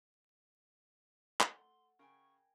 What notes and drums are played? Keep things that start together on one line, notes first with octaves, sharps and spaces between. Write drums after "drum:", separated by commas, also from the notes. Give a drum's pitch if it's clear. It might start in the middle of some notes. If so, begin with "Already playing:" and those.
A3 F#5 C6, drum: clap
C#3 A#4 G5 G#5 C#6